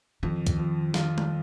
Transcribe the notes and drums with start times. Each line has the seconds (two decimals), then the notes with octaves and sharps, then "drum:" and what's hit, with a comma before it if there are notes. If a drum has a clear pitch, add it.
0.23 F2 D#3
0.47 drum: kick, hi-hat
0.58 F3
0.94 F4, drum: snare
1.18 drum: tom G3